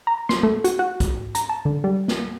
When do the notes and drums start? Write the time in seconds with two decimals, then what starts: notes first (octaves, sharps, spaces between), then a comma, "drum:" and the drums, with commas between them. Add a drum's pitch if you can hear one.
0.07 A#5
0.29 C6, drum: snare
0.43 A3
0.64 F#4, drum: hi-hat
0.79 F#4
1.00 drum: kick, hi-hat
1.35 A#5, drum: hi-hat
1.49 A5
1.65 D3
1.84 G3
2.08 drum: snare